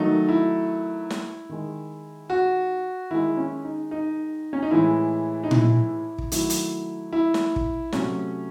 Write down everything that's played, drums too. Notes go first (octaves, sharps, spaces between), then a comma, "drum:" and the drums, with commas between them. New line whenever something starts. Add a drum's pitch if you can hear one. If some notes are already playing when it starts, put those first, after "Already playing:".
Already playing: D#3 F#3 A3 D#4
E4
drum: snare
D#3 G#3
F#4
D#3 G#3 E4
C#4
D#4
D#4
C#4
D#4
A2 E3 G#3 E4
D#4
E4, drum: tom A#2
drum: kick
D#3 F#3 A3 E4, drum: hi-hat
drum: hi-hat
E4
drum: snare
drum: kick
C3 F#3 A3 C#4, drum: snare